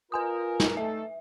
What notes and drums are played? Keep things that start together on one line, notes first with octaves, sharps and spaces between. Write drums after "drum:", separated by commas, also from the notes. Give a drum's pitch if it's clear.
F4 A#4 B4 G#5 D#6
drum: snare
A3 D#4 A4 E5